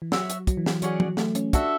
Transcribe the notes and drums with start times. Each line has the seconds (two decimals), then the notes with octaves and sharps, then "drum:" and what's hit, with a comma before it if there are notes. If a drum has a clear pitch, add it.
0.02 E3
0.12 F#3 F#4 C#5 E5, drum: snare
0.30 drum: hi-hat
0.47 F#3, drum: kick, hi-hat
0.57 E3
0.66 F#3, drum: snare
0.82 F#3 C#4 G#4 D5 F#5, drum: hi-hat
1.00 F#3, drum: tom
1.17 A3, drum: snare
1.35 C#4, drum: hi-hat
1.53 D4 F#4 A4 E5, drum: kick, hi-hat